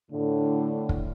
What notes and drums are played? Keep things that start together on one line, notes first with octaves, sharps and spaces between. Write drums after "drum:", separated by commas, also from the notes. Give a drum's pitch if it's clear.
A2 D3
drum: kick